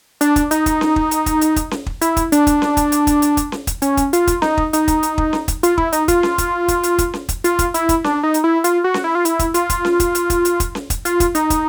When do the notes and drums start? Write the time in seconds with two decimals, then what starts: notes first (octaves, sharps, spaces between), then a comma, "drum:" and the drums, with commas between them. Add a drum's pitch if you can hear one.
0.21 D4, drum: hi-hat
0.36 drum: kick, hi-hat
0.51 D#4, drum: hi-hat
0.66 drum: kick, hi-hat
0.81 drum: snare C#4
0.96 drum: kick
1.11 drum: hi-hat
1.26 drum: kick, hi-hat
1.41 drum: hi-hat
1.56 drum: kick, hi-hat
1.71 drum: snare C#4
1.86 drum: kick
2.01 E4, drum: hi-hat
2.17 drum: kick, hi-hat
2.32 D4, drum: hi-hat
2.47 drum: kick, hi-hat
2.62 drum: snare C#4
2.77 drum: kick, hi-hat
2.92 drum: hi-hat
3.07 drum: kick, hi-hat
3.22 drum: hi-hat
3.37 drum: kick, hi-hat
3.52 drum: snare C#4
3.67 drum: kick, hi-hat
3.82 C#4, drum: hi-hat
3.97 drum: kick, hi-hat
4.13 F4, drum: hi-hat
4.27 drum: kick, hi-hat
4.42 D#4, drum: snare C#4
4.58 drum: kick
4.73 D#4, drum: hi-hat
4.88 drum: kick, hi-hat
5.03 drum: hi-hat
5.18 drum: kick
5.33 drum: snare C#4
5.48 drum: kick, hi-hat
5.63 F4, drum: hi-hat
5.78 E4, drum: kick
5.92 D#4, drum: hi-hat
6.08 F4, drum: kick, hi-hat
6.23 drum: snare C#4
6.38 drum: kick, hi-hat
6.68 drum: kick, hi-hat
6.83 drum: hi-hat
6.98 drum: kick, hi-hat
7.14 drum: snare C#4
7.29 drum: kick, hi-hat
7.44 F4, drum: hi-hat
7.59 drum: kick, hi-hat
7.74 E4, drum: hi-hat
7.89 drum: kick, hi-hat
8.04 D4, drum: snare C#4
8.23 D#4
8.34 drum: hi-hat
8.44 E4
8.64 F4, drum: hi-hat
8.84 F#4
8.94 drum: snare C#4
9.04 E4
9.15 F4
9.25 E4, drum: hi-hat
9.39 drum: kick, hi-hat
9.54 F4, drum: hi-hat
9.70 drum: kick, hi-hat
9.85 drum: snare C#4
10.00 drum: kick, hi-hat
10.15 drum: hi-hat
10.30 drum: kick, hi-hat
10.45 drum: hi-hat
10.60 drum: kick, hi-hat
10.75 drum: snare C#4
10.90 drum: kick, hi-hat
11.05 F4, drum: hi-hat
11.20 drum: kick, hi-hat
11.35 D#4, drum: hi-hat
11.50 drum: kick, hi-hat